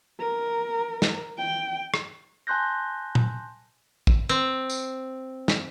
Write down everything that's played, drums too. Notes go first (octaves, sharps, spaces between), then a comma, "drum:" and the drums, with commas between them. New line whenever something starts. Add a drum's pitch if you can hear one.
A#4
drum: snare
G5
drum: rim click
G#5 A5 C6 F#6 G6 A#6
drum: tom A#2
drum: kick
C4
drum: tambourine
drum: snare